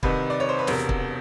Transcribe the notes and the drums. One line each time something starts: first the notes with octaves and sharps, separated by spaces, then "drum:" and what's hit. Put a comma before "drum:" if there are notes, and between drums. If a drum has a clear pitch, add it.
C2 C3 D#3 B4, drum: kick
D5
C#5
C5
B4
E1 E2 C3 A#4, drum: snare
drum: kick